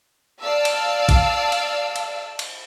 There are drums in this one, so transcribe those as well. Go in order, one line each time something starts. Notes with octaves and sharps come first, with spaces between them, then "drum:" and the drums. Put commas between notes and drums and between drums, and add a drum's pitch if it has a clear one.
D5 F5 A5 E6
drum: cymbal
drum: kick A#1, cymbal
drum: cymbal
drum: cymbal
drum: cymbal